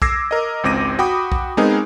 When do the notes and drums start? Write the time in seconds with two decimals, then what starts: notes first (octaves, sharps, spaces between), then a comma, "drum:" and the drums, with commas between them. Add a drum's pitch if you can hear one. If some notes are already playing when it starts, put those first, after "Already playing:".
0.02 D6 E6 G#6 A#6 C7, drum: kick
0.31 A#4 D#5
0.63 G#1 C#2 C4 D6 A#6 D#7
0.99 F#4 G5 B5 D6 D#6
1.32 drum: kick
1.57 G#3 B3 C4 D#4 G#4 A#4